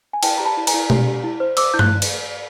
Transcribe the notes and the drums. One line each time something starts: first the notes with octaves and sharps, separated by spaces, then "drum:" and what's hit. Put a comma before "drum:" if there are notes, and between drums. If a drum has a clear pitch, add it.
G#5
E4 G5 A5, drum: cymbal
G4 A#5
A5 B5
E4
G#5 A#5, drum: cymbal
E4
G4, drum: tom B2
G4
E4
C5
C5 D6 E6, drum: cymbal
E4 G6
F#6, drum: tom G2
drum: cymbal